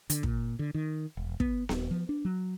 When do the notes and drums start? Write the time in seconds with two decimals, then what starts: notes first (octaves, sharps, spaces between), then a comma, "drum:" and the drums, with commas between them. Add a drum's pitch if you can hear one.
0.10 D3, drum: hi-hat
0.23 A#2, drum: kick
0.59 D3
0.74 D#3
1.17 E1
1.40 B3, drum: kick
1.69 D#1, drum: snare B3
1.91 F3
2.09 D4
2.25 F#3